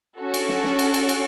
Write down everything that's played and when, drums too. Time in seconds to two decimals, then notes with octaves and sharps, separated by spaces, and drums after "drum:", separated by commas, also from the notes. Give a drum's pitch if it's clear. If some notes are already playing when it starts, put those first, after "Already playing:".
0.18 C#4 F#4 A4
0.34 drum: cymbal
0.49 drum: snare
0.64 drum: snare
0.79 drum: cymbal
0.94 drum: cymbal
1.09 drum: cymbal